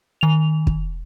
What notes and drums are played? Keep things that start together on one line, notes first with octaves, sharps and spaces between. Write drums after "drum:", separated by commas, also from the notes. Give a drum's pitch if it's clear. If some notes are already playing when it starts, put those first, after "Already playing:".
D#3 F7
drum: kick